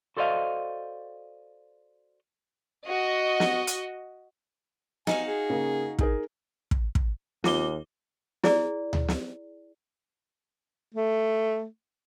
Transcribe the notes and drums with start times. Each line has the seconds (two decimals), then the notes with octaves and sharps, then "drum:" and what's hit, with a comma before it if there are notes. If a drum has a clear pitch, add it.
0.17 F#4 A4 C5 D5 D#5 F5
2.88 F#4 D#5
3.40 drum: snare
3.67 drum: hi-hat
5.07 D#4 F#4 F5 G#5, drum: snare
5.27 G#4
5.50 C#3 A#3
5.99 D#4 G#4 A#4, drum: kick
6.71 drum: kick
6.95 drum: kick
7.44 D#2 F4 D6 G7, drum: snare
8.44 E4 G#4 D5, drum: snare
8.93 drum: tom D2
9.08 drum: snare
10.95 A3